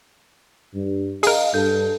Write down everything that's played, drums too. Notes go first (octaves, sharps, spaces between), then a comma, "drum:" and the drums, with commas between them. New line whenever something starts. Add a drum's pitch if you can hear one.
G2
G#4 A#4 D#5 F5, drum: open hi-hat
G2 A4 G6